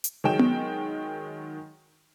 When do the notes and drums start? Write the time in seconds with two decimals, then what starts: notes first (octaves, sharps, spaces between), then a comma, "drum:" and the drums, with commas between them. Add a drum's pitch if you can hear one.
0.04 drum: hi-hat
0.24 D#3 F#3 G#3 G5 E7
0.39 drum: tom B3